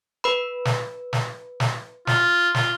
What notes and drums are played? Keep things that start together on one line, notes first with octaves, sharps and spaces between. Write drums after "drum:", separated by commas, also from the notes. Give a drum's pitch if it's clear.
B4 B5
drum: snare
drum: snare
drum: snare
F4, drum: snare
F4, drum: snare